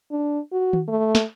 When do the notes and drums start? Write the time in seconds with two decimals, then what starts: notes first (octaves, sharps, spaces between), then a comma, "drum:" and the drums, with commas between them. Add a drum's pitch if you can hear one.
0.12 D4
0.52 F#4
0.73 drum: tom D#3
0.88 A3
1.15 drum: snare